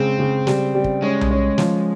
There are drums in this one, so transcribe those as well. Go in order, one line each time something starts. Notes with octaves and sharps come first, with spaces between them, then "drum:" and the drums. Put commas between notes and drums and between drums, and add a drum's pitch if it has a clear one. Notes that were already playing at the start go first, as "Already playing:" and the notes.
Already playing: C#3 G#3 C4
C#3
G3, drum: snare
G3
drum: kick
G#3 C#4
drum: tom B1
C#4
F3, drum: snare